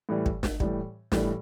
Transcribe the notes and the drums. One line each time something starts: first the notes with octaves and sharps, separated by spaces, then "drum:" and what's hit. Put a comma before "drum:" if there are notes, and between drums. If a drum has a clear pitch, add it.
A2 E3 G3
drum: kick
drum: snare
A2 E3 G3, drum: kick
A2 E3 G3, drum: snare